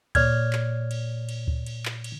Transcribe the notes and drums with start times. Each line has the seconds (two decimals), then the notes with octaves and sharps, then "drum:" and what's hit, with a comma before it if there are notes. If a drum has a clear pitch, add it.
0.15 A#2 C#5 D5 F6 G#6, drum: kick, cymbal
0.53 drum: clap
0.91 drum: cymbal
1.29 drum: cymbal
1.48 drum: kick
1.66 drum: cymbal
1.85 drum: clap
2.04 drum: cymbal